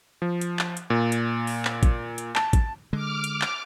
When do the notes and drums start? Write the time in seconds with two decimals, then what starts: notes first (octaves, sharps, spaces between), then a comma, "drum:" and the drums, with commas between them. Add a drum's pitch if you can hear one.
0.22 F3
0.41 drum: hi-hat
0.59 drum: clap
0.77 drum: hi-hat
0.90 A#2
1.12 drum: hi-hat
1.47 drum: open hi-hat
1.65 drum: clap
1.83 drum: kick, hi-hat
2.18 drum: hi-hat
2.36 A5, drum: clap
2.53 drum: kick, hi-hat
2.93 D3 G#3 D6 F6
3.24 drum: hi-hat
3.42 drum: clap